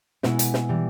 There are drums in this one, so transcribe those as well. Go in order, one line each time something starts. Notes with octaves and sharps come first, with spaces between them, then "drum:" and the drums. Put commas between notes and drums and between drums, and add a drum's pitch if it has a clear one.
B2 G#3 B3 E4, drum: snare
drum: hi-hat
drum: snare
E3 G3